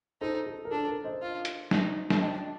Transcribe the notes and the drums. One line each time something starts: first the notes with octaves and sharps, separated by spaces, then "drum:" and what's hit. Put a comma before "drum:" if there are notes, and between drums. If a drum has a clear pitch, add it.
D#4 A4 C5
A4
A#4
D4 A4
A#4
C5 D#5
F4
drum: hi-hat
D#4, drum: snare
drum: snare
D4 D#5 G5